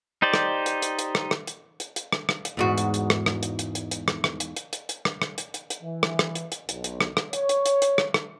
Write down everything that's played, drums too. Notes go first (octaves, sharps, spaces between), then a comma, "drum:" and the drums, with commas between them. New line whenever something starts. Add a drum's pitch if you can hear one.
D#4 G4 C5 D5
drum: rim click
drum: hi-hat
drum: hi-hat
drum: hi-hat
drum: rim click
drum: rim click
drum: hi-hat
drum: hi-hat
drum: hi-hat
drum: rim click
drum: rim click
drum: hi-hat
E2 G#2 F#4
drum: hi-hat
drum: hi-hat
drum: rim click
drum: rim click
drum: hi-hat
drum: hi-hat
drum: hi-hat
drum: hi-hat
drum: rim click
drum: rim click
drum: hi-hat
drum: hi-hat
drum: hi-hat
drum: hi-hat
drum: rim click
drum: rim click
drum: hi-hat
drum: hi-hat
drum: hi-hat
E3
drum: rim click
drum: rim click
drum: hi-hat
drum: hi-hat
B1, drum: hi-hat
drum: hi-hat
drum: rim click
drum: rim click
C#5, drum: hi-hat
drum: hi-hat
drum: hi-hat
drum: hi-hat
drum: rim click
drum: rim click